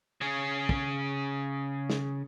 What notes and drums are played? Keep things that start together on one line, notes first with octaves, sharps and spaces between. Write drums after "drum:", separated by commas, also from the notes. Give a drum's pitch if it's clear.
C#3 G#4
drum: kick
drum: snare